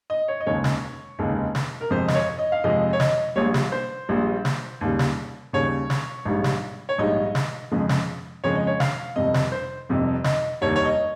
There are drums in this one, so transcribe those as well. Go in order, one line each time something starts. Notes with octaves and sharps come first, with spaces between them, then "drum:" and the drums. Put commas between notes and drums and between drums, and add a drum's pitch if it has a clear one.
D#5
C#5
D#5
F1 D#2 C#3 G#3 C#5
drum: snare
F1 D#2 C#3 G#3
drum: snare
A#4
F2 C3 F3 G#3 C5
D#5, drum: snare
C#5
D#5
F5
F2 C3 F3 G#3 D#5
C#5
D#5, drum: snare
A#1 A#2 G3 C#5
drum: snare
C5
A#1 A#2 G3
drum: snare
D#2 C#3 G3
drum: snare
D#2 C#3 G3 C#5
drum: snare
A#1 G#2 G3
drum: snare
C#5
A#1 G#2 G3 D#5
drum: snare
F2 C#3 F3 G#3
drum: snare
F2 C#3 F3 G#3 C#5
D#5
C#5
F5, drum: snare
F1 F2 C3 G3 D#5
drum: snare
C5
F1 F2 C3 G3
D#5, drum: snare
F1 D#2 D#3 G3 C#5
C#5
D#5